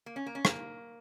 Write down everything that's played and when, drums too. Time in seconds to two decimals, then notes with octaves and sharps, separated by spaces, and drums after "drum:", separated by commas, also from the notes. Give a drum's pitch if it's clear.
0.06 A#3
0.16 C#4
0.27 A#3
0.35 C#4
0.45 A#3, drum: rim click